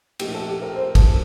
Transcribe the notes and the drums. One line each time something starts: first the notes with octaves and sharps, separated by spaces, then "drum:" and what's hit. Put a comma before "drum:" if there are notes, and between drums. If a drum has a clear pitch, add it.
A#2 F3 A3 D#4 G4, drum: cymbal
A4
G4
A#4
C5
A4, drum: kick, cymbal